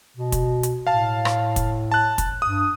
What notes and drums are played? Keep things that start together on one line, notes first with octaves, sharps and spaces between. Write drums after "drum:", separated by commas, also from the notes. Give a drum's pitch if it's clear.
B2
drum: kick, hi-hat
drum: hi-hat
A2 F5 A5
drum: rim click
drum: kick, hi-hat
A5 F#6
drum: kick, hi-hat
G2 D#6